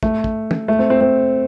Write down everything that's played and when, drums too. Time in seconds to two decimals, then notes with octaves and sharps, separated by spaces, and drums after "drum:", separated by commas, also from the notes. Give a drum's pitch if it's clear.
0.03 A3, drum: kick
0.24 drum: kick
0.51 drum: tom
0.68 A3
0.79 C4
0.90 C4
1.01 C4